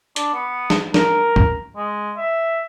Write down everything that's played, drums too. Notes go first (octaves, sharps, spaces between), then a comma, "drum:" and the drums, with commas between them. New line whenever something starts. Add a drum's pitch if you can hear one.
D4, drum: hi-hat
B3
drum: snare
A#4, drum: snare
drum: kick
G#3
E5